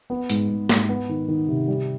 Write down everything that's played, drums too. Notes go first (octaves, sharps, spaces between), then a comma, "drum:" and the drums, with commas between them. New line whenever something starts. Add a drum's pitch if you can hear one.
B3
G#2, drum: hi-hat
G#2
G#2, drum: snare
B3
D#3
D#3
C3
G3